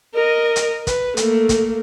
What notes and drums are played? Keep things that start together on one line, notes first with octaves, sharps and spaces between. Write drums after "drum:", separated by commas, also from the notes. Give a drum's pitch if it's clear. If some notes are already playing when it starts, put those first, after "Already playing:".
A#4 D#5
drum: hi-hat
B4, drum: kick, hi-hat
A3 A#3, drum: hi-hat
drum: kick, hi-hat